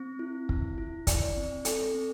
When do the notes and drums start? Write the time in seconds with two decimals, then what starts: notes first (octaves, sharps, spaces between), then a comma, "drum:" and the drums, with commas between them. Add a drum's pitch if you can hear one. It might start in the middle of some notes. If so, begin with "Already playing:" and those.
Already playing: C4
0.19 E4
0.49 E4, drum: kick
0.78 E4
1.07 D5, drum: kick, hi-hat
1.37 C4
1.65 A4, drum: hi-hat
1.95 C4